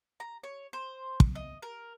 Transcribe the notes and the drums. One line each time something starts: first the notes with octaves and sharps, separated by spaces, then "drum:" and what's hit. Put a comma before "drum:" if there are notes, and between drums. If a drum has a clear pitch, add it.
A#5
C#5
C5
drum: kick
D#5
A#4